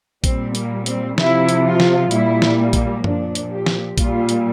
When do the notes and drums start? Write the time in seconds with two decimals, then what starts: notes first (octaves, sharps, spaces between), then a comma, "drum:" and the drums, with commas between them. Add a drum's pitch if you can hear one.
0.24 A#2 G3 C4, drum: kick, hi-hat
0.55 A#3, drum: hi-hat
0.86 C4, drum: hi-hat
1.18 C3 F3 E4, drum: snare
1.49 drum: hi-hat
1.65 F4
1.80 drum: snare
2.11 A#2 G3 E4, drum: hi-hat
2.42 drum: snare
2.58 A#3
2.73 drum: kick, hi-hat
3.04 A#2 F3 D4, drum: tom F#2
3.35 drum: hi-hat
3.51 G4
3.66 drum: snare
3.98 A#2 G3 F4, drum: kick, hi-hat
4.29 drum: hi-hat